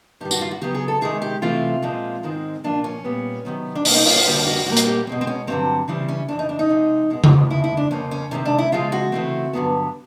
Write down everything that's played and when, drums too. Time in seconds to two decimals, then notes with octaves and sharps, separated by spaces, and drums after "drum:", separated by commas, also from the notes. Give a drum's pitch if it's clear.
0.20 G2 D#3 G3 G4
0.31 F#4, drum: tambourine
0.41 F4
0.51 F#4
0.61 C#3 F#3 B3 G4
0.75 G#4
0.88 A4
1.01 C3 D#3 G#3 G#4
1.22 G4
1.42 C3 E3 A3 C4 F4
1.82 A#2 F3 G#3 C4
2.23 G#2 D#3 G#3 C4
2.64 A#2 F3 A#3 D4
2.84 C#4
3.04 A#2 G3 B3
3.45 C3 D#3 F#3 B3
3.75 D4
3.85 B2 G3 A#3 D#4, drum: open hi-hat
3.95 D#4
4.06 F4, drum: open hi-hat
4.16 F4
4.26 F2 D3 G3 A#3 F#4
4.47 F#4
4.66 A#2 G3 A#3 F#4
4.77 drum: hi-hat
4.87 G4
5.07 B2 G#3 C4
5.21 C4
5.27 C#4
5.47 G2 D3 F#3 C4
5.88 C#3 E3 G3 C4
6.08 C#4
6.28 F2 C#3 E3 D4
6.39 D#4
6.49 D4
6.59 D#4
6.69 C3 F3 G#3
7.10 B2 G#3 B3
7.24 drum: tom C#3
7.50 F2 C3 F3 G#3 E4
7.64 E4
7.77 D4
7.91 F2 C#3 F3 A#3 C#4
8.11 C#4
8.31 C3 D#3 G#3 C4 C#4
8.45 D4
8.58 E4
8.72 C#3 F3 G#3 C4 F4
8.92 F#4
9.12 C#3 E3 A3 C4
9.53 G2 D3 F#3 B3